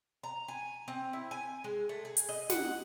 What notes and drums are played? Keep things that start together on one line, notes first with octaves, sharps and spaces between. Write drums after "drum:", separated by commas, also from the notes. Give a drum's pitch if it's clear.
A#5
G#5
C4
E4
G#5
G#3
A3
G#4
drum: hi-hat
D#5
F#5, drum: snare